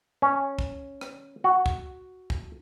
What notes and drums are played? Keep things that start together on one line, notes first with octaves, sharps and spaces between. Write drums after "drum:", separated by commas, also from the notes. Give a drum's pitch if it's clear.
C#4
drum: kick
drum: rim click
F#4
drum: kick
drum: kick